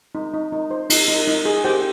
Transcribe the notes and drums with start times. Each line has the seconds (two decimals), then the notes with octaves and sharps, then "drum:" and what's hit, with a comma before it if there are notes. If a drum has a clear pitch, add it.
0.15 D#4
0.34 D#4
0.52 D#4
0.71 C5
0.90 D#4, drum: cymbal
1.08 D#4
1.27 D#4
1.45 G#4
1.64 G4 C5 G5